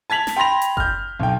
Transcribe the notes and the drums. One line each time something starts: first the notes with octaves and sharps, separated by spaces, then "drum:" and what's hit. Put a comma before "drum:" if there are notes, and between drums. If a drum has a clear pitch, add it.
A5 G#6 B6 F7 F#7
drum: snare
G5 B5 C6 A#6 F7
drum: hi-hat
F6 G6, drum: kick F#1
B1 G5